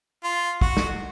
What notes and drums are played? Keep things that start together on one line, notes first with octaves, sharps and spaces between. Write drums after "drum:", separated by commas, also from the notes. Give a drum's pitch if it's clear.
F4
F#4, drum: kick
drum: snare